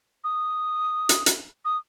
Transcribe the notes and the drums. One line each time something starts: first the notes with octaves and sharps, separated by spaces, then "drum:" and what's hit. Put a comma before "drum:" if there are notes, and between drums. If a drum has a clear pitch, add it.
D#6
drum: hi-hat
drum: hi-hat
D#6